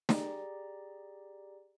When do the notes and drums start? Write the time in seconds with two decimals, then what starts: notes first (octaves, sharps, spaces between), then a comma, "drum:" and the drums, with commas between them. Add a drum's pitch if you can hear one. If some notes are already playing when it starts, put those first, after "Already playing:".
0.09 G4 G#4 D5 A#5, drum: snare